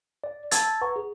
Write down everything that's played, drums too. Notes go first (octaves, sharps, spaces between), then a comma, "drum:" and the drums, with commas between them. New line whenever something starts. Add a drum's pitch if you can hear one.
D5
A5 E6 G#6 A6, drum: hi-hat
B4 F#5 A#5 C#6
G#4